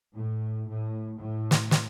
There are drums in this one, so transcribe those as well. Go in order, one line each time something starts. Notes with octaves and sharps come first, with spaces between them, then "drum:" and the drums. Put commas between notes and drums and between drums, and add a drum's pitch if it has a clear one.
A2
A2
A2
drum: snare
drum: snare